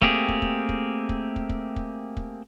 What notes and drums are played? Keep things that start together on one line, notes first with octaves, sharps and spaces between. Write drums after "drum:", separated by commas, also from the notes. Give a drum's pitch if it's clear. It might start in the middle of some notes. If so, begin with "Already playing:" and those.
A3 A#3 C4 G4 G#4, drum: kick
drum: kick
drum: kick
drum: kick
drum: kick
drum: kick
drum: kick
drum: kick
drum: kick